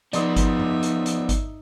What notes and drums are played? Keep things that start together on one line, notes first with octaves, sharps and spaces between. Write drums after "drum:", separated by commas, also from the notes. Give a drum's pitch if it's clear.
F3 B3 D#4 D5 E5 C6 D#6, drum: hi-hat
drum: kick G#1, hi-hat
drum: tom F2
drum: hi-hat
drum: hi-hat
drum: kick G#1, hi-hat